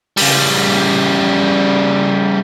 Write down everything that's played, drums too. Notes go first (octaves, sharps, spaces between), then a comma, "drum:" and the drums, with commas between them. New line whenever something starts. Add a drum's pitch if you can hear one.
C#3 G3, drum: open hi-hat